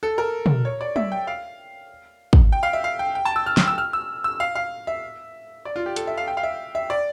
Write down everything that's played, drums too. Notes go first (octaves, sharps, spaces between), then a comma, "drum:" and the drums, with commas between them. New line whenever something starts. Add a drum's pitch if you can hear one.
A4
A#4
drum: tom
C#5
D5
E5, drum: tom
G5
F5
drum: kick
G5
F5
E5
F5
G5
G5
A5
E6
F6
F6, drum: snare
E6
F6
E6
E6
F5
F5
E5
D5
F4
G4
A4, drum: hi-hat
E5
F5
G5
F5
E5
E5
D5